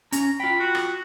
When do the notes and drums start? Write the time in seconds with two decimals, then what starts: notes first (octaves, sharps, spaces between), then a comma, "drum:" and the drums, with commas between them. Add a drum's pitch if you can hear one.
0.12 C#4 A#5, drum: hi-hat
0.40 F4 G5 B5
0.60 F#4
0.75 drum: rim click